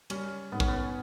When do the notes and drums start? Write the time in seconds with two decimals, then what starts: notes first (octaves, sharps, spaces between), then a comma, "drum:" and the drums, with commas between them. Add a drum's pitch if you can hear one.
0.10 G3 C#4, drum: cymbal
0.52 G#2 B3
0.60 C#4, drum: kick
0.68 B3